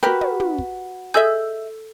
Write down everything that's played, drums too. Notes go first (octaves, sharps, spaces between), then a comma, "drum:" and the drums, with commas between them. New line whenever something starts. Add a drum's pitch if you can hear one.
F#4 G4 A#4 B4
drum: tom
drum: tom
drum: kick
G#4 A4 D#5 E5 E6 G6